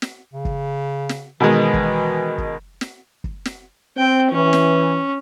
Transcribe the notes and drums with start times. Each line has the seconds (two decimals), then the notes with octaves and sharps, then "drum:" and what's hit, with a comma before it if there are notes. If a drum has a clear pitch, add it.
0.02 drum: snare
0.34 C#3
0.45 drum: kick
1.09 drum: snare
1.40 B2 D#3 E3 G#3
1.74 drum: kick
2.38 drum: kick
2.81 drum: snare
3.24 drum: kick
3.45 drum: snare
3.97 C4 G5
4.31 E3 C#4
4.53 drum: snare